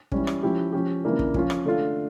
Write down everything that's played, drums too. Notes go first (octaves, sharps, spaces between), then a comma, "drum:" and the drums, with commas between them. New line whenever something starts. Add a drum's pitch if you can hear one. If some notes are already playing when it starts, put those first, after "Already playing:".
E3 G3 C#4, drum: kick
drum: rim click
F3 C#4 E4 G4
F3 C#4 G4
C#3 E3 A#3 D4
drum: kick
F3 C#4 F4, drum: kick
drum: rim click
D3 A3 D4 F4